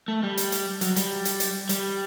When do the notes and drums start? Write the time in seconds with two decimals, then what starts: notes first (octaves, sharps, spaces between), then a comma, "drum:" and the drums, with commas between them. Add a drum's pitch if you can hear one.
0.08 A3
0.23 G3
0.37 drum: hi-hat
0.52 drum: hi-hat
0.81 F#3, drum: hi-hat
0.96 G3, drum: hi-hat
1.25 drum: hi-hat
1.40 drum: hi-hat
1.69 G3, drum: hi-hat